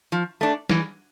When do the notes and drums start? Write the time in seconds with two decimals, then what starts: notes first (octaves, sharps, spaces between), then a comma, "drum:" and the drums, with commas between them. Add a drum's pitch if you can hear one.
0.12 F3
0.41 A3 D4
0.69 E3, drum: snare